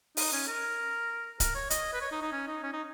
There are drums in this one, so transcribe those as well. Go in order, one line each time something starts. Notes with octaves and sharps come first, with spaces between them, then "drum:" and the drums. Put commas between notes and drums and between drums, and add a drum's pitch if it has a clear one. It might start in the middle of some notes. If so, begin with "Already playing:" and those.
D#4, drum: open hi-hat
C#4
A#4
A#4, drum: kick C#1, hi-hat
C#5
D#5, drum: hi-hat
B4
C#5
D#4
D#4
C#4
D#4
C#4
D#4